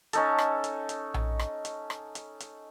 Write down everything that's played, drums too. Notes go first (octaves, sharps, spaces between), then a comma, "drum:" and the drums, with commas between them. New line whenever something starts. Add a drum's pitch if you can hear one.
C#4 D#4 A4, drum: hi-hat
drum: rim click
drum: hi-hat
drum: hi-hat
drum: tom A#1
drum: rim click
drum: hi-hat
drum: rim click
drum: hi-hat
drum: hi-hat